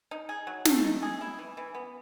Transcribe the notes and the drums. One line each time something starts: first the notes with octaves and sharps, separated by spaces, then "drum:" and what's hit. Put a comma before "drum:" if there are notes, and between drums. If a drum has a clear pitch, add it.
D#4
G#4
F#3
A3, drum: snare
D#4
G#4
E4
E3
E3
B3